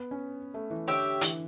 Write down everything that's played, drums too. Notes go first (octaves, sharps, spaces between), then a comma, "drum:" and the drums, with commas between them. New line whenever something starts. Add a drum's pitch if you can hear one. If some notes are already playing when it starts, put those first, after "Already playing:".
Already playing: B3
C#4
A3
E3
D3 G4 C#5 E5
E3, drum: hi-hat